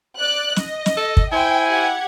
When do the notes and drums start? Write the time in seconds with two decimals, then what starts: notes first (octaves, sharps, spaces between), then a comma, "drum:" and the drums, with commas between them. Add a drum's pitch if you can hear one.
0.18 D5 F#6
0.56 D#5, drum: snare
0.86 drum: snare
0.97 A4
1.17 drum: kick
1.32 E4 C5 G5 G#5
1.68 G4 F#5 G#6